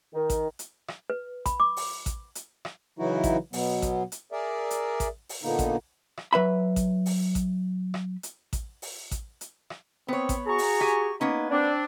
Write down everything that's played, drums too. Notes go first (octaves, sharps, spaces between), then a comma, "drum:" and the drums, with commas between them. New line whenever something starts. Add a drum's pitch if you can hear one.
D#3
drum: kick A1, hi-hat
drum: hi-hat
drum: rim click
B4
B5, drum: kick A1, hi-hat
D6
drum: open hi-hat
drum: kick A1, hi-hat
drum: hi-hat
drum: rim click
C#3 E3 F#3 D#4 E4 F#4
drum: kick A1, hi-hat
B2 F#3 B3, drum: open hi-hat
drum: kick A1, hi-hat
drum: hi-hat
G#4 A#4 D5 E5
drum: hi-hat
drum: kick A1, hi-hat
drum: open hi-hat
A#2 D3 A#3 B3 D#4
drum: kick A1, hi-hat
drum: rim click
F#3 B4 E5 B5
drum: kick A1, hi-hat
drum: open hi-hat
drum: kick A1, hi-hat
drum: rim click
drum: hi-hat
drum: kick A1, hi-hat
drum: open hi-hat
drum: kick A1, hi-hat
drum: hi-hat
drum: rim click
B3 C4 C#5
drum: kick A1, hi-hat
F#4 G#4 A#5 C#6
drum: open hi-hat
G4 G#5
A#3 B3 C#4 D#4
C4 D4 D5